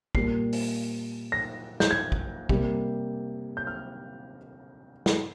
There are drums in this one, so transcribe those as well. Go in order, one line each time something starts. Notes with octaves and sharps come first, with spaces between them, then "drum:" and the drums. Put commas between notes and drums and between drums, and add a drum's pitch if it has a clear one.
A#2 G3 A#3 C7, drum: kick
drum: open hi-hat
A#6
G6, drum: snare
G#6
drum: kick
C3 G3 A#3, drum: kick
G6
F6
drum: snare